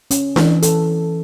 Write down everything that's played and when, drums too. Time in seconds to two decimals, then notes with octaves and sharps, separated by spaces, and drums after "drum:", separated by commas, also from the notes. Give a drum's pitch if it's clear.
0.11 C#4, drum: hi-hat
0.36 E3, drum: snare D4
0.62 A4, drum: hi-hat